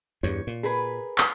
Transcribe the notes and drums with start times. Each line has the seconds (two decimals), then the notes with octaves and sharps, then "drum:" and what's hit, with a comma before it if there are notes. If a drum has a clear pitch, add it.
0.23 E2 G2 C#5
0.47 A#2
0.63 G#4 A#4 B4
1.18 drum: clap